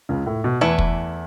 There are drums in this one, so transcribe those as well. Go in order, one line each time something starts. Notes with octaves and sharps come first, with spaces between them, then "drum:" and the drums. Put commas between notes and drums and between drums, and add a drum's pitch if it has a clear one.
C#2 C#3
A2
B2
E2 E3 A3 E4 B4
drum: kick